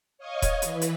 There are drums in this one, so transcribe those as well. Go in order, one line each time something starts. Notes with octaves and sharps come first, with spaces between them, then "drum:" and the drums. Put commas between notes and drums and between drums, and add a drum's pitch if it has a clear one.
C#5 D#5 F5 D#6 G#6
drum: kick D#1, hi-hat
E3 B4, drum: hi-hat
drum: hi-hat